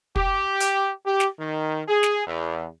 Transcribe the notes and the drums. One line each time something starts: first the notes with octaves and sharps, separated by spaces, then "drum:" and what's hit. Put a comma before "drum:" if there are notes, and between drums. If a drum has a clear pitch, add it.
G4, drum: kick
drum: hi-hat
G4
drum: snare
D#3
G#4
drum: snare
E2